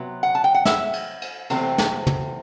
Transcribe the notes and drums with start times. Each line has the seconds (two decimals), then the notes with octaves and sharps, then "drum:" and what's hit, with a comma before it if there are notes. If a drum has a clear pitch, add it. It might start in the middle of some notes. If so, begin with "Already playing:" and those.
Already playing: C3 F#3 B3
0.23 F#5
0.35 A5
0.44 G5
0.55 F#5
0.65 E5, drum: snare
0.93 drum: cymbal
1.22 drum: cymbal
1.50 E2 C3 F#3 A3 C4, drum: cymbal
1.78 drum: snare
2.07 drum: tom